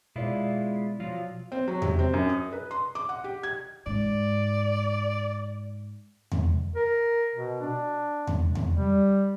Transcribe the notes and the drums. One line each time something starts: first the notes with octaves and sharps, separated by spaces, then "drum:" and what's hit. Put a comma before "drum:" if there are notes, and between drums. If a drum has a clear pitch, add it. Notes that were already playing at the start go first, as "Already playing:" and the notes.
B2 G#3 E4 F4 D5
F3 F#3 F4
C4
F#3
C3, drum: tom E2
C4
F#2
D#6
B4
C6
D6
F#5
G4
G#6
G#2 D5
drum: tom E2
A#4
B2
D4
drum: tom E2
drum: tom E2
G3